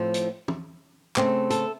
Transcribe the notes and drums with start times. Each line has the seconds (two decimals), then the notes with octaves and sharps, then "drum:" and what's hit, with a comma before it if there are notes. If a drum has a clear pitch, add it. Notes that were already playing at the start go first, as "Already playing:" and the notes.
Already playing: A2 F3 C4
0.14 drum: hi-hat
0.48 drum: tom E3
1.16 C#3 A3 C4, drum: clap
1.50 A4, drum: hi-hat